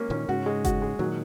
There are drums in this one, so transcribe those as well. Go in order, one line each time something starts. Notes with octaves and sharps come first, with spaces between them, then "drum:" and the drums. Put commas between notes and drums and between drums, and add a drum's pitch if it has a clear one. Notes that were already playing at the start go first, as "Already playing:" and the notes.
Already playing: A#3 C#4
A#2 D#3 C#4
G#2 C#3 F#4
G#3
F#4, drum: kick F#1, hi-hat
G#3
A#2 D#3 F#3